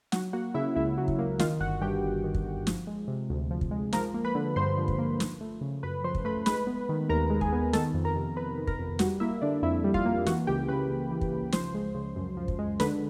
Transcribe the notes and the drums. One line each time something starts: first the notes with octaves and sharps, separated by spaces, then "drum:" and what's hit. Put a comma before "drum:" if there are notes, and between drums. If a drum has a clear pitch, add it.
F#3 F#4 F#5, drum: snare
A#3 F#4 F#5
C#3 E4 E5
C#2 E4 E5
F#3
drum: kick
A#3
D#3 F4 F5, drum: snare
G1 F#4 F#5
G2 G4 G5
G1
D#3
drum: kick
G1
F3, drum: snare
G#3
C3
D2
F3
drum: kick
G#3
F3 A#4 A#5, drum: snare
A#3
B4 B5
D3
G2 C5 C6
F3
drum: kick
A#3
F3, drum: snare
A3
C#3
F#2 B4 B5
F3 C5 C6
drum: kick
A3 B4 B5
G#3 B4 B5, drum: snare
B3
D#3
D#2 A#4 A#5
G#3
G#4 G#5, drum: kick
B3
D#3 A4 A5, drum: snare
F2
A#4 A#5
C3
F2 B4 B5
D#3
A#4 A#5, drum: kick
F2
G3 F#4 F#5, drum: snare
A#3 E4 E5
D3 D4 D5
F2 E4 E5
G3
F4 F5, drum: kick
A#3
E3 F#4 F#5, drum: snare
C#2 G4 G5
C#3 B4 B5
C#2
E3
drum: kick
C#2
F3 C5 C6, drum: snare
G#3
C#3
F#2
F3
drum: kick
G#3
D3 B4 B5, drum: snare